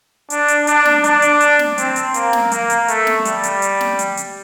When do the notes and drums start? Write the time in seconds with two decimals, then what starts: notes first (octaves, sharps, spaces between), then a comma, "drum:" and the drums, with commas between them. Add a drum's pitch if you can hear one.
0.30 D4, drum: hi-hat
0.48 drum: hi-hat
0.67 D4, drum: hi-hat
0.85 drum: snare
1.04 D4, drum: hi-hat
1.22 drum: hi-hat
1.41 drum: hi-hat
1.59 drum: snare
1.78 C4, drum: hi-hat
1.96 drum: hi-hat
2.14 A#3, drum: hi-hat
2.33 drum: snare
2.52 A#3, drum: hi-hat
2.70 drum: hi-hat
2.88 A3, drum: hi-hat
3.07 drum: snare
3.25 G3, drum: hi-hat
3.44 drum: hi-hat
3.62 drum: hi-hat
3.81 drum: snare
3.99 drum: hi-hat
4.17 drum: hi-hat